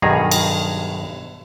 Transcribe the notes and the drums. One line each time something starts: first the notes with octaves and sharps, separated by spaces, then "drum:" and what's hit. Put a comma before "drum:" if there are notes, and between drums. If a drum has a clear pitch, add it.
B1 G2 D#3 G#4 A#5
drum: cymbal